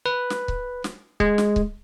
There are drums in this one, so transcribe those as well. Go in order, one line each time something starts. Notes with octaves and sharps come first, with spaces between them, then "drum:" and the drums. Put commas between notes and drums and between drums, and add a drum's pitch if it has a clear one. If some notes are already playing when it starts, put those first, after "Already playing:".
B4
drum: snare
drum: kick C#1
drum: snare
G#3, drum: kick C#1
drum: snare
drum: kick C#1